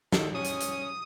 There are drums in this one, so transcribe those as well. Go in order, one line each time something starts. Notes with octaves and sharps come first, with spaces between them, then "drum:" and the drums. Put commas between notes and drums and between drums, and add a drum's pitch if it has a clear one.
D#3 A4, drum: snare
C#4 D#6
drum: hi-hat
drum: hi-hat